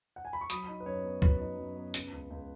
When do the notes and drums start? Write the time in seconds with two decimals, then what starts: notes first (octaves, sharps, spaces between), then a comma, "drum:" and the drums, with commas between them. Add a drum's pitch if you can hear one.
0.16 F#5
0.25 G#5
0.33 B5
0.41 C#6
0.50 F#3 B5 D#6, drum: hi-hat
0.68 D#4
0.80 B4
0.86 F#2 C#5
1.04 B3
1.22 F#3 B4, drum: kick
1.40 D#4
1.58 F#2
1.76 B3
1.94 C#3, drum: hi-hat
2.12 C#2
2.30 C#2